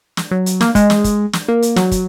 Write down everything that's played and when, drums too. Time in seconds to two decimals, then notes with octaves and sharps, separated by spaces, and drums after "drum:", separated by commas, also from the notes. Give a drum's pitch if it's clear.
0.17 drum: snare
0.31 F#3
0.46 drum: hi-hat
0.61 A#3, drum: snare
0.75 G#3, drum: kick, hi-hat
0.90 drum: snare
1.04 drum: kick, hi-hat
1.33 drum: snare
1.48 A#3
1.62 drum: hi-hat
1.76 F#3, drum: snare
1.91 drum: kick, hi-hat